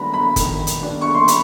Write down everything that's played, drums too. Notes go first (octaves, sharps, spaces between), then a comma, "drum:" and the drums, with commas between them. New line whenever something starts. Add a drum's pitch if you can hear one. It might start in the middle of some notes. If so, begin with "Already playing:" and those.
Already playing: D#3 G3 B3 D4 A#5 B5
B5
D#3, drum: kick, hi-hat
drum: hi-hat
G3 B3 D4
C#6
C6
B5, drum: hi-hat